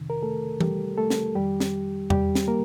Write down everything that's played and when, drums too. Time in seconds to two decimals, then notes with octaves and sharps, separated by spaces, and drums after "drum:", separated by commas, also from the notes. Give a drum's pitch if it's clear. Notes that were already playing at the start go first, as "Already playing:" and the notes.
Already playing: F2 C3 D#3
0.10 A#4
0.23 A3 A4
0.60 G3 G4, drum: tom E3
0.98 A3 A4
1.10 drum: snare
1.35 F2 D#3 G3 G4
1.60 drum: snare
2.10 G3 G4, drum: tom E2
2.35 drum: snare
2.48 A#3 A#4